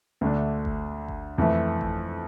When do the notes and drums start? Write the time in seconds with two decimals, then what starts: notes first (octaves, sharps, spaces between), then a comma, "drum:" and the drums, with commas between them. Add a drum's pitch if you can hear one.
0.21 D2 D3 A3 D4
0.65 drum: kick G1
1.08 drum: kick G1
1.38 F2 E3 A3
1.81 drum: kick G1